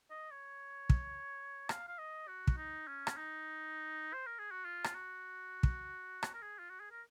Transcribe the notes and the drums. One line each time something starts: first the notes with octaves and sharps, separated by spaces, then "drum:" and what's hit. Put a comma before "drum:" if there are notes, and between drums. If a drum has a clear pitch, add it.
D#5
C#5
drum: kick
F5, drum: rim click
F5
D#5
F#4
drum: kick
D#4
C#4
drum: rim click
D#4
C5
A#4
G#4
F#4
F4
drum: rim click
F#4
drum: kick
drum: rim click
A#4
G#4
F4
F#4
G#4
A#4